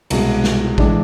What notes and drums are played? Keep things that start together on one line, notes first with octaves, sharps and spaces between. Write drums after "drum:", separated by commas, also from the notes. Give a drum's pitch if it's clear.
C2 B2 G#3, drum: cymbal
drum: snare
A2 E3 G#3 D4, drum: kick A1